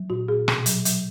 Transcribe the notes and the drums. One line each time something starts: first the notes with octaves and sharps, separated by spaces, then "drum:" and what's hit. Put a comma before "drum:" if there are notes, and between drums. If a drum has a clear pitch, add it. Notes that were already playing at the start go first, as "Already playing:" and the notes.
Already playing: F#3
A#2 F#4
A#2 G#4
B2, drum: rim click
F#3, drum: hi-hat
F#3, drum: hi-hat